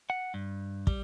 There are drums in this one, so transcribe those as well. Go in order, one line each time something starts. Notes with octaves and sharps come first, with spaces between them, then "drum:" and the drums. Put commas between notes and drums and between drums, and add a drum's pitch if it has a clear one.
F#5
G2
G3, drum: kick